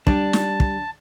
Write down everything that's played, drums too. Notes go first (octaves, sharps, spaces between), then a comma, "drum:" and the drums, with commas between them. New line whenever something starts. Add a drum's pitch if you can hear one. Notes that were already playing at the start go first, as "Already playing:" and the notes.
G3 D4 A5, drum: kick
drum: snare
drum: kick